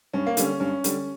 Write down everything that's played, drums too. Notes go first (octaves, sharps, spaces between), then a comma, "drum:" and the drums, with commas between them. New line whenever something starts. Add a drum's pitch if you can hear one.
G2 C#4
A#3
D3 G3 C#4, drum: hi-hat
G2 C#4
D3 G3, drum: hi-hat